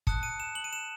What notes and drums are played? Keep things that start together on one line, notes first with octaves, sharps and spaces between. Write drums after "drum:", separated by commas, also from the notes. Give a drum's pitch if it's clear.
A5 D#6 F#6 C#7, drum: kick
D#7
E7
F#7
D#7
E7